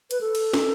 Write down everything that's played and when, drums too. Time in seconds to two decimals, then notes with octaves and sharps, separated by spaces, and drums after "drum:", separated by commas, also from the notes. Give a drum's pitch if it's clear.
0.11 B4, drum: hi-hat
0.21 A4
0.35 drum: cymbal
0.54 drum: snare